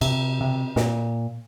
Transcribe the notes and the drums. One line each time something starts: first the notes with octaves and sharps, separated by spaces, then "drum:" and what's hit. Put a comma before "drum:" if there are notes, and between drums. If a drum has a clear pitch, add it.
C3, drum: cymbal
C3
A#2, drum: snare